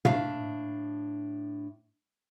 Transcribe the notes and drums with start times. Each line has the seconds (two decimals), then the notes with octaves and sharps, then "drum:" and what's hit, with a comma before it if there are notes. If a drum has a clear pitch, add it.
0.05 A2 D4 E5 F5, drum: tom